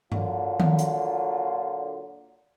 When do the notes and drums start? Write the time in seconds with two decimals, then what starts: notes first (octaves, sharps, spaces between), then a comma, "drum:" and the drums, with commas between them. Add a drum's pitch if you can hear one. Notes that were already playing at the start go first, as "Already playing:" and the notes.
0.12 A#2 D3 F#3 F4, drum: tom G2
0.60 drum: tom D#3
0.79 drum: hi-hat